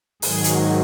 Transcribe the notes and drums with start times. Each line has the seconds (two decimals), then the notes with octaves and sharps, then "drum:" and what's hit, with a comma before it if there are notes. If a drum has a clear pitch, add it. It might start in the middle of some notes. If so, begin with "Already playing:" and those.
0.22 G#2 D#3 F#3 G#4, drum: open hi-hat
0.44 drum: hi-hat